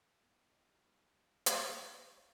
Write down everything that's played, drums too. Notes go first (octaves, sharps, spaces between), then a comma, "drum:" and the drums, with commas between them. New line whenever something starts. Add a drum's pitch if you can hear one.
B3 D#4 E4 F5 G5
D#3 G3
drum: hi-hat